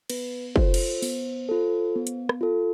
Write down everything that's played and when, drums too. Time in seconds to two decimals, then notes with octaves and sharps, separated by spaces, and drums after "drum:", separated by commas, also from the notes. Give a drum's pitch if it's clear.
0.10 B3 B4, drum: cymbal
0.56 F4 A4 C5, drum: kick
0.74 drum: cymbal
1.02 B3, drum: open hi-hat
1.49 F4 A4
1.96 B3
2.07 drum: hi-hat
2.29 drum: rim click
2.41 F4 A4